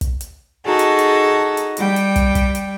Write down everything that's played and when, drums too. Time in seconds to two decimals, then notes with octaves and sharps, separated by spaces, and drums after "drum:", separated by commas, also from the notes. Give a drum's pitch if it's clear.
0.01 drum: kick, hi-hat
0.21 drum: hi-hat
0.64 D#4 F#4 G#4 A4 A5
0.79 drum: hi-hat
0.99 drum: hi-hat
1.57 drum: hi-hat
1.77 G3 G5, drum: hi-hat
1.96 drum: hi-hat
2.16 drum: kick, hi-hat
2.35 drum: kick, hi-hat
2.55 drum: hi-hat